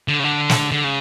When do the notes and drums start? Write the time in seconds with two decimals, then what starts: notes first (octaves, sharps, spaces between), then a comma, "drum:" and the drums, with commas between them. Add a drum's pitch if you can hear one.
0.08 D3
0.20 C#3
0.24 D3
0.49 drum: snare
0.72 D3
0.84 C#3